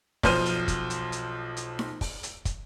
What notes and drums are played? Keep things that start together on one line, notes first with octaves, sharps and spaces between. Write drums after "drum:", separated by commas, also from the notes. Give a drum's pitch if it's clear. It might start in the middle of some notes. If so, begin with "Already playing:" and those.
B1 F3 C5 F6 D#7, drum: kick, open hi-hat
drum: hi-hat
drum: kick, hi-hat
drum: hi-hat
drum: hi-hat
drum: hi-hat
drum: snare D#4
drum: kick, open hi-hat
drum: hi-hat
drum: kick, hi-hat